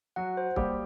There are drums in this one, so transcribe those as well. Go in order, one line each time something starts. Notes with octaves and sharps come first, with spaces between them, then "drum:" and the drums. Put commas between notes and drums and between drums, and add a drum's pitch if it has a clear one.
F#3 F#4 F#5
C5
G3 A#3 G4, drum: kick